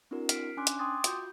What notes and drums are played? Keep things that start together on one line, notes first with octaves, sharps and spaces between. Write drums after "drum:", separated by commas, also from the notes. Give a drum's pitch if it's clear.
C4 D4 E4 F#4 A#4
F6 B6 C7 D7, drum: hi-hat
C#4 D4 G#5 C6 D6 F#6
drum: hi-hat
G5 C6 D6 D#6 G#6 A6
F4 F#4 G6, drum: hi-hat